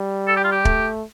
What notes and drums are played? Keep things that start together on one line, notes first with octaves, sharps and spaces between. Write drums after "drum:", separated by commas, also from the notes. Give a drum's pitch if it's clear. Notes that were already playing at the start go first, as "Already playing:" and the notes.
Already playing: G3
A4
G4
F4
G4
A3, drum: kick